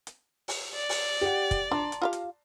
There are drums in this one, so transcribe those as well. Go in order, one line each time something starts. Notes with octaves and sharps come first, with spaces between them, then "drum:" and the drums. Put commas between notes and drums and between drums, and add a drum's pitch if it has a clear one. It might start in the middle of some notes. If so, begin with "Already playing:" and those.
drum: hi-hat
drum: open hi-hat
D5
drum: open hi-hat
G4 F#5
drum: kick, hi-hat
D4 A5 A#5 C6
drum: hi-hat
F4 G4 F5
drum: hi-hat